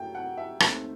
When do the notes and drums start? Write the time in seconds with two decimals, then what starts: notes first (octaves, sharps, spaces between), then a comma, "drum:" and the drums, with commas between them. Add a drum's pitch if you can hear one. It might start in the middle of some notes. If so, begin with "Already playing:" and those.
Already playing: F#2 F#3 A3 G5
0.15 F#5
0.37 E5
0.60 D#2 D#3 A3 C4, drum: rim click